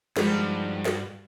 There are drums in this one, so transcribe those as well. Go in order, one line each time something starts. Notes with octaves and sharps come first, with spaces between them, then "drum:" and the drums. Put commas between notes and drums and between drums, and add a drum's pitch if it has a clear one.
G2 D#3 F3 G3 G#3 D#4 F#4, drum: snare
drum: snare